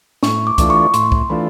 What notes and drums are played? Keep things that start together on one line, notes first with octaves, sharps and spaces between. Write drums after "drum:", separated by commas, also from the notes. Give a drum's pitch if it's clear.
A2 C#6, drum: snare
D6
E3 A3 D4 F4, drum: kick C2, hi-hat
C#6
A2 C6, drum: hi-hat
drum: kick C2
E3 A3 D4 F4 B5